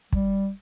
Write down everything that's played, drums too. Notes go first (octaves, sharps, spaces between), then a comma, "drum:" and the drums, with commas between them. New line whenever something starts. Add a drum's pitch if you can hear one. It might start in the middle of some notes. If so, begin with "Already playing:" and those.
G3, drum: kick